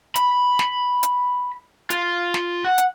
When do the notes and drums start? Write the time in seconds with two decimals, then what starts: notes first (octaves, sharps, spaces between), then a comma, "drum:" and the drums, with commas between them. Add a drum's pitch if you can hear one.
0.15 B5, drum: hi-hat
0.59 drum: snare
1.03 drum: hi-hat
1.90 F4, drum: hi-hat
2.34 drum: snare
2.65 F#5
2.78 drum: hi-hat